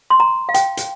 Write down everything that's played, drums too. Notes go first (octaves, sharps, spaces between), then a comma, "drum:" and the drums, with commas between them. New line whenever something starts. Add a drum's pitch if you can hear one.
C6
A#5
F5
G5, drum: hi-hat
drum: hi-hat